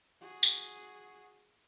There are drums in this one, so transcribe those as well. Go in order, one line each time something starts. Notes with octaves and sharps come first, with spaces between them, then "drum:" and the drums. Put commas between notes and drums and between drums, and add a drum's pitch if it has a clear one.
F#4 G#4
drum: tambourine